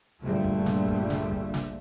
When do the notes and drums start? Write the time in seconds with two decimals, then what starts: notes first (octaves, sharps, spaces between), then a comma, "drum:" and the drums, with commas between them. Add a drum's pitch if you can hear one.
0.22 A#1 G2 A#2 D3 G3 A3
0.44 drum: kick
0.66 drum: snare
0.88 drum: kick
1.10 drum: snare
1.32 drum: kick
1.54 drum: snare